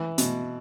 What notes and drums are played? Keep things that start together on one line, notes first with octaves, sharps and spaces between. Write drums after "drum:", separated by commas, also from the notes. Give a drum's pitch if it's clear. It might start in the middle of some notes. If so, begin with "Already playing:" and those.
Already playing: E3
B2, drum: hi-hat